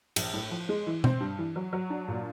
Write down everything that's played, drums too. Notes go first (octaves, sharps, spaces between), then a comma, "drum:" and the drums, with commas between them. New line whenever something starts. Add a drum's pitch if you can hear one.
A#1, drum: cymbal
A2
F3
G#3
E3
C4, drum: tom B2
G2
E3
F#3
F#3
D4
A#2